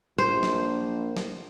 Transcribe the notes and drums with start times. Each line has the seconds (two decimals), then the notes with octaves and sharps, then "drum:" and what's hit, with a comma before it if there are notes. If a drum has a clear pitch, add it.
0.18 A#1 C5
0.43 drum: snare
1.17 drum: snare